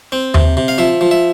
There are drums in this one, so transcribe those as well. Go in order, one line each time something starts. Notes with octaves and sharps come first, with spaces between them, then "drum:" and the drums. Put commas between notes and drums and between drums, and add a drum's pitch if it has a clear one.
C4
C3, drum: tom D#2
C3
F5
F3 E5
F3
E5